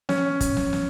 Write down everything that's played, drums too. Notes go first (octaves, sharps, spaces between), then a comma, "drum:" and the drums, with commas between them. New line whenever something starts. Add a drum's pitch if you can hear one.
C#4, drum: snare
drum: kick, hi-hat
drum: snare
drum: snare